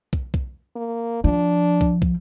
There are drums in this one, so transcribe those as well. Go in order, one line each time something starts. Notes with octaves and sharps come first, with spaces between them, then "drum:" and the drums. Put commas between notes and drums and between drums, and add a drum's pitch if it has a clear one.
drum: kick
drum: kick
A#3
F3 D4
drum: kick
drum: kick